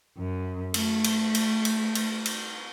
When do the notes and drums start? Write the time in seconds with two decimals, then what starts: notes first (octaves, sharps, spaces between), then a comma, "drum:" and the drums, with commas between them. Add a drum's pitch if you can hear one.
0.18 F#2
0.74 A3, drum: cymbal
1.04 drum: cymbal
1.35 drum: cymbal
1.65 drum: cymbal
1.95 drum: cymbal
2.26 drum: cymbal